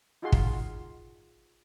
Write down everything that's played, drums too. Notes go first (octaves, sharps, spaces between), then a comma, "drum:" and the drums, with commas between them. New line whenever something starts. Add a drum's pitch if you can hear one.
D#4 F4 F#4 G#4 C6
drum: kick